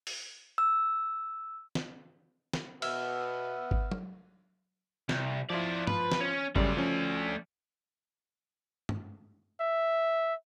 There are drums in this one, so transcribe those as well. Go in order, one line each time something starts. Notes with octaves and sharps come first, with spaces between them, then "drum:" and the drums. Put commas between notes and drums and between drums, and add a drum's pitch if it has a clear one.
drum: open hi-hat
E6
drum: snare
drum: snare
B2 B3 E5 E6 F6, drum: cymbal
drum: kick
drum: tom F#3
C2, drum: snare
F3 E4 F4 D5
B4, drum: tom G2
drum: snare
C#4
F#2 C#3 G3 A3 D5, drum: kick
F3 C#4
drum: tom G2
E5